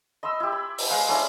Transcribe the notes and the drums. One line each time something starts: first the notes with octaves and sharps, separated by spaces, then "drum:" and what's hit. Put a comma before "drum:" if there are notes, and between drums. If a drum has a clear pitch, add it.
D#5 B5 C6 E6
E4 G4
B5
drum: open hi-hat
G#3 B4 F5
A3 C#4 D4 E4